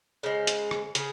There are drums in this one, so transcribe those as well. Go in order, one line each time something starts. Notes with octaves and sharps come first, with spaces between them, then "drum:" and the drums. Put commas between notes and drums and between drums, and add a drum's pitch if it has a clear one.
C#3 G#3 C5
drum: hi-hat
drum: rim click
C#3 G#4, drum: hi-hat